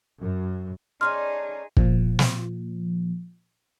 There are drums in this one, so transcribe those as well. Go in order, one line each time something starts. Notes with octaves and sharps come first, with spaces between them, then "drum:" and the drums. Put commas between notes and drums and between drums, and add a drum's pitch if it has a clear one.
F#2
A3 C#4 D#4 G#4 D5 C6 F6
A#2 F3, drum: kick
drum: snare